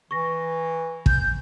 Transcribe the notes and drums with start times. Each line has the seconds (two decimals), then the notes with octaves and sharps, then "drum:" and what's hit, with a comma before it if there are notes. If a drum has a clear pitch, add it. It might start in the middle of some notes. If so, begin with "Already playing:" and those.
0.11 E3 C#6 A#6
1.06 G6, drum: kick